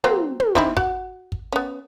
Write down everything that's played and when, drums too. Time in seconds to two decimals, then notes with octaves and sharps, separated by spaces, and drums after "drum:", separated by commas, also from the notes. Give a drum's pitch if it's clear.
0.04 F#3 A#3 C4, drum: tom
0.40 drum: tom
0.55 C4 D#4 E4, drum: snare
0.77 F#4 F#5, drum: kick
1.32 drum: kick
1.52 B3 C#4